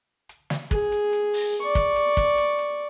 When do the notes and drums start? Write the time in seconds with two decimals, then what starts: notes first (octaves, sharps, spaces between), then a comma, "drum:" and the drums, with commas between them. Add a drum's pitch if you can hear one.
0.29 drum: hi-hat
0.50 drum: snare
0.71 G#4, drum: kick
0.92 drum: hi-hat
1.13 drum: hi-hat
1.34 drum: open hi-hat
1.62 D5 C#6
1.75 drum: kick, hi-hat
1.96 drum: hi-hat
2.17 drum: kick, hi-hat
2.38 drum: hi-hat
2.59 drum: hi-hat